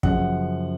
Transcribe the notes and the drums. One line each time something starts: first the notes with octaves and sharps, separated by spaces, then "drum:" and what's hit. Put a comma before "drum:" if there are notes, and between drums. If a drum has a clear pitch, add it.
F#2 C#3 F3 F#5, drum: kick